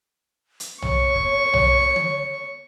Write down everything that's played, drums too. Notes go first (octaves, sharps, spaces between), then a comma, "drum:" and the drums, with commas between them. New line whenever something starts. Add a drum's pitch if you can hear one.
drum: hi-hat
C#5 C#6, drum: tom B1
drum: kick
drum: tom B1
drum: tom D3